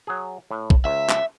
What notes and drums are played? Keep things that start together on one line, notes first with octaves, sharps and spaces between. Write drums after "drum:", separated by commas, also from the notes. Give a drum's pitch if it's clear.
F#3 G#4
A2
drum: kick
C#2 E5
drum: clap